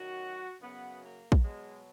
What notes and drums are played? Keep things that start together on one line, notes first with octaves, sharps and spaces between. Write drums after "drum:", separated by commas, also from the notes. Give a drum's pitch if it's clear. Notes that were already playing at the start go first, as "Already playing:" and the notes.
Already playing: F#2 D#3 F#3 F#4
F#2 C#3 F#3 B3
A#3
drum: kick A#1
B2 F#3 G#3